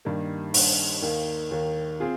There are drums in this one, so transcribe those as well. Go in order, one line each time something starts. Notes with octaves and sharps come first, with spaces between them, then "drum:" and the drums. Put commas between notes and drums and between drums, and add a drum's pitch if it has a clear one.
G2 D#3 A#3
G2 D#3 A#3, drum: open hi-hat
D#2 D#3 A#3
D#2 D#3 A#3
C4 F4 G#4